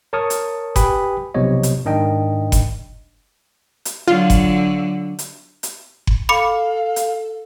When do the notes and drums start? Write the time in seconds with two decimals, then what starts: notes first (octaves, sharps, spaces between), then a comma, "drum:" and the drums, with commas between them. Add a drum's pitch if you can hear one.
0.13 A#4 C#5 A5 C#6 D#6 F6
0.30 drum: hi-hat
0.76 G4 B4 G5 G#5 B5 D#6, drum: kick F#1, hi-hat
1.34 B1 C3 F3 B3 C#5 D#5
1.63 drum: hi-hat
1.85 G#2 D#3 D4 D#5 G5
2.52 drum: kick F#1, hi-hat
3.85 drum: hi-hat
4.08 D3 F#3 F4
4.30 drum: kick F#1, hi-hat
5.19 drum: hi-hat
5.63 drum: hi-hat
6.07 drum: kick F#1
6.29 A4 F5 B5 D6 C#7
6.96 drum: hi-hat